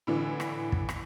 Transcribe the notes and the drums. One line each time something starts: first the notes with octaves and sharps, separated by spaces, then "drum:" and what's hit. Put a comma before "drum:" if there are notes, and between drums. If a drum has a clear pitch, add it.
A2 D3 E3
drum: rim click
drum: kick
drum: rim click